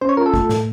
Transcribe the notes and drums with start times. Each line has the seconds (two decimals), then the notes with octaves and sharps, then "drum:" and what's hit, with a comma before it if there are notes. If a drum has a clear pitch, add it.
0.01 C#4 C5
0.09 C#5
0.17 F4 A#4
0.26 A4
0.34 A3, drum: kick
0.49 A2, drum: snare